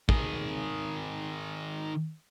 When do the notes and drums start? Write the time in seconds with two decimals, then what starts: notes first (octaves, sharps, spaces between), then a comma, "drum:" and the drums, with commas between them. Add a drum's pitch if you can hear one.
0.09 D#3 G#4, drum: kick